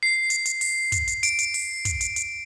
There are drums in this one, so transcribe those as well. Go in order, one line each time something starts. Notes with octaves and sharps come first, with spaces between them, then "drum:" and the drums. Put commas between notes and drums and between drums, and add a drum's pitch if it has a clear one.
C7
drum: hi-hat
drum: hi-hat
drum: open hi-hat
drum: kick, hi-hat
drum: hi-hat
D7, drum: hi-hat
drum: hi-hat
drum: open hi-hat
drum: kick, hi-hat
drum: hi-hat
drum: hi-hat